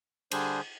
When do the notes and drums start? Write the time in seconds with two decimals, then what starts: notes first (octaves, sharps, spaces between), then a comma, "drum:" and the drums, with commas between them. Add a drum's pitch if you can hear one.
0.32 D3 G3 D4 G#4 C5, drum: cymbal